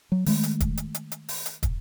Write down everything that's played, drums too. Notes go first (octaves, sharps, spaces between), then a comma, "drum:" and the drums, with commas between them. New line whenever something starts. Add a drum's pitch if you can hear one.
F#3
D#3 G#3 A3, drum: open hi-hat
drum: hi-hat
drum: kick, hi-hat
drum: hi-hat
drum: hi-hat
drum: hi-hat
drum: open hi-hat
drum: hi-hat
drum: kick, hi-hat